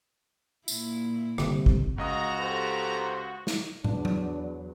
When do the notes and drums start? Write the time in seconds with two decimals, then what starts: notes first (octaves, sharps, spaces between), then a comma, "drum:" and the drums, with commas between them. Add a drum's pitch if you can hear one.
0.68 A#2 E4, drum: tambourine
1.38 G1 C3, drum: rim click
1.66 drum: kick G#1
1.98 C#2 F#4 D#5 A#5 D#6
2.40 G4 A4 C5
3.47 drum: snare
3.84 E2 F#3 D4, drum: tom
4.05 drum: tom F#3